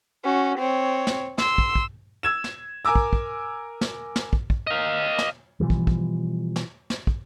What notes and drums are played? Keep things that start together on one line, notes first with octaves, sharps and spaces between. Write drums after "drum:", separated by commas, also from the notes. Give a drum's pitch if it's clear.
C#4 F#4
C4 C#5
drum: snare
C6 E6, drum: snare
drum: kick
drum: kick
E6 G#6 E7
drum: snare
A#4 G#5 A#5 D6 E6
drum: kick
drum: kick
drum: snare
drum: snare
drum: kick
drum: kick
D#5 F5
drum: snare
B2 E3 F3 G3
drum: kick
drum: kick
drum: snare
drum: snare
drum: kick